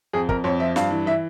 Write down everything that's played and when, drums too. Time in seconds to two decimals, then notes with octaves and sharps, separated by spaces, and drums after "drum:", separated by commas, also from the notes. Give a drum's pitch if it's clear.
0.13 F2 G#4
0.29 F2 A#4, drum: kick
0.44 F2 C#5
0.60 F3 E5
0.76 G2 F5, drum: snare
0.91 E3
1.06 E3 E5